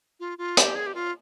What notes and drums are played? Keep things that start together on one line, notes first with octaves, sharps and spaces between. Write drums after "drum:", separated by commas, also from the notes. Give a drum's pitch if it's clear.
F4
F4
G4, drum: hi-hat
G#4
G4
F4